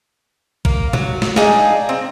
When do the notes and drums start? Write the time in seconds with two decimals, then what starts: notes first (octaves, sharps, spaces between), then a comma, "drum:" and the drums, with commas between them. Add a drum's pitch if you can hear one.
0.65 A#3, drum: kick
0.93 F#3, drum: tom A#2
1.22 drum: snare
1.36 D4 D#4 G#4 F5, drum: snare
1.89 C4